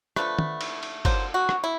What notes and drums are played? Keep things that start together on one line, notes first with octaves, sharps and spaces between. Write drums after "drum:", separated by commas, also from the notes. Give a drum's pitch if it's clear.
D3 F3 A3 B4, drum: rim click
drum: tom
drum: cymbal
drum: cymbal
D3 F#3 A#3 C5, drum: kick, cymbal
F#4
drum: rim click
E4